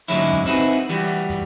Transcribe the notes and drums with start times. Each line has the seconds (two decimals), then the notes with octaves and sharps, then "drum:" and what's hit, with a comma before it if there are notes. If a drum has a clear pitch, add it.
0.08 G#2 D3 F#3 G#3 C#4 E4
0.33 drum: kick, hi-hat
0.46 C4 D#4 E4 F#4 G#4 B4
0.89 E3 G3 F#4
1.05 drum: hi-hat
1.29 drum: kick, hi-hat